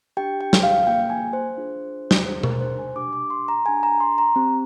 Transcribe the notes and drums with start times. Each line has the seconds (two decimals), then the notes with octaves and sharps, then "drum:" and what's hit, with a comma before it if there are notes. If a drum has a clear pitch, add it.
0.17 D4 G4 G5
0.41 G5
0.53 drum: snare
0.63 F5
0.86 A#3 F4 G#4 G5
1.10 G#5
1.33 C5
1.57 D4 F4 G#4
2.11 drum: snare
2.25 D4 G#4 C5
2.43 A#4, drum: tom B2
2.61 C5
2.78 G#5
2.96 D4 G4 D6
3.13 D6
3.30 C6
3.48 A#5
3.66 D4 G#4 G#5
3.83 A#5
4.00 C6
4.18 A#5
4.36 C4 G4